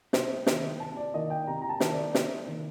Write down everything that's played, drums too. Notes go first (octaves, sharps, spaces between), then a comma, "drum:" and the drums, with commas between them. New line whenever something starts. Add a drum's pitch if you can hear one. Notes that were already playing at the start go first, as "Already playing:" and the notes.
C3 C5, drum: snare
D#3 A#3, drum: snare
C3 A5
D5
D#3 A#3 D#5
G5
C3 A#5
A#5
A5
D#3 A#3, drum: snare
D5
C3, drum: snare
D#3 A#3